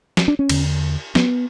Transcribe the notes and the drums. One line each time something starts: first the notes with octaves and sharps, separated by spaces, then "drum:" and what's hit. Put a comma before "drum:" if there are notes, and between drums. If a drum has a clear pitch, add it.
drum: snare
D4
C#4
E2 D3, drum: cymbal
B3, drum: snare